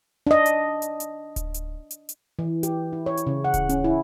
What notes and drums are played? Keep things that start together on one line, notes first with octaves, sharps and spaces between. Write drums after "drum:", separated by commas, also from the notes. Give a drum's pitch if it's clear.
D4 D#5
drum: hi-hat
drum: hi-hat
drum: hi-hat
drum: kick D1, hi-hat
drum: hi-hat
drum: hi-hat
drum: hi-hat
E3
G4, drum: hi-hat
E4
C#5
drum: hi-hat
C#3
F#5
drum: kick D1, hi-hat
C#4, drum: hi-hat
E4